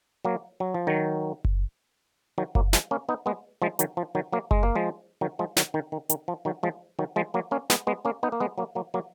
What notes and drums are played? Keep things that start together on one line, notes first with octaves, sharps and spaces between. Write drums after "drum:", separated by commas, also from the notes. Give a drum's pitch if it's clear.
F#3 A#3
F#3
F3
D#3 F#3
drum: kick F#1
D#3 F#3
F#3 A#3, drum: kick F#1
F3 G#3, drum: snare
A#3 C#4
B3 D#4
G#3 B3
F3 G#3
D#3 F#3, drum: hi-hat
F3
D#3 F#3
F#3 A#3
G#3, drum: kick F#1
A#3
F3 G#3
D#3 F#3
F3 G#3
D#3 F#3, drum: snare
D#3
D#3
D#3, drum: hi-hat
F3
D#3 F#3
F3 G#3
D#3 F#3
F3 G#3
F#3 A#3
A#3 C#4
G#3 B3, drum: snare
G#3 B3
A#3 C#4
B3 D#4
A#3
G#3 B3
F#3 A#3
F#3 A#3
F#3 A#3